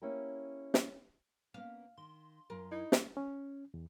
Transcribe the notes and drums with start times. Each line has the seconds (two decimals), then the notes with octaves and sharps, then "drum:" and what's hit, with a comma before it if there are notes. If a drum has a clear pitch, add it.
0.02 A#3 C#4 E4 G4 A#4
0.74 drum: snare
1.54 A#3 B3 C#4 F5
1.98 D#3 C6
2.50 F#2 F4 A#4
2.72 D#4 E4
2.92 drum: snare
3.17 C#4
3.74 E2